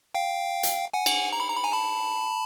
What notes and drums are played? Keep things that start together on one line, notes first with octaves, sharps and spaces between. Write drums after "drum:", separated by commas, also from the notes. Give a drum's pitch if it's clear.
F5 G5
drum: hi-hat
F#5 G#5
drum: cymbal
A#5
B5
A#5
B5
G#5 A#5
A5 B5